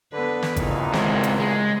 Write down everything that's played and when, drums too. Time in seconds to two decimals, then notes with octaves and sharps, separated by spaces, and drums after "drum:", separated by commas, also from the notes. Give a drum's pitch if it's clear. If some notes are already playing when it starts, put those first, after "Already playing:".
0.13 D3 B3 B4
0.42 drum: snare
0.56 A1 E2 A#2 C#3 D#4, drum: kick G#1, hi-hat
0.93 C#3 G#3 C4, drum: snare
1.23 drum: hi-hat
1.40 G#3